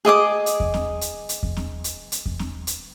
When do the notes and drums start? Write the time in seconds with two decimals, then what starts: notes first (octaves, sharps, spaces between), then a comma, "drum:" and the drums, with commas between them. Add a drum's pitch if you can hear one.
0.05 G#4 D#5 D6 D#6
0.46 drum: hi-hat
0.60 drum: kick E2
0.74 drum: snare C4
1.01 drum: hi-hat
1.29 drum: hi-hat
1.43 drum: kick E2
1.57 drum: snare C4
1.84 drum: hi-hat
2.12 drum: hi-hat
2.26 drum: kick E2
2.39 drum: snare C4
2.67 drum: hi-hat